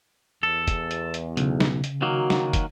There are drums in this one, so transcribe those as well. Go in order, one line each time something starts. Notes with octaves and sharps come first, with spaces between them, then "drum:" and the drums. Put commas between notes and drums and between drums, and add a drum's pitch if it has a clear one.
E2 A4
drum: kick, hi-hat
drum: hi-hat
drum: hi-hat
B1 C#3, drum: hi-hat
drum: snare
drum: hi-hat
D#3 F#3 A#3 F#4
drum: snare
drum: kick, hi-hat